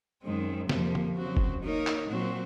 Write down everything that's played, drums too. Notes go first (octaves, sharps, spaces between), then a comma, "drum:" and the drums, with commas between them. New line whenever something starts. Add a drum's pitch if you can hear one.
F#2 D#3 G#3 C4
F2 C3 F3 A#3, drum: snare
drum: tom
C#3 F#3 C4 F#4
drum: kick F1
D#3 A#3 D#4 A#4 C#5
drum: clap
A#2 F#3 C4 F#4